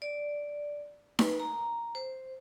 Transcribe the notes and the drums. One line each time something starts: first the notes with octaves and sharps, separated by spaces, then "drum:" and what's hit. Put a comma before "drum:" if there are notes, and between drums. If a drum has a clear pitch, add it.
D5
B4, drum: snare D#4
A#5
C5